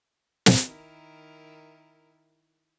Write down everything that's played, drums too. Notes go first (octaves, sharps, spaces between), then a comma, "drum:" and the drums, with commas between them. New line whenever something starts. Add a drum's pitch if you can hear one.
drum: snare
D#3 E4 A#4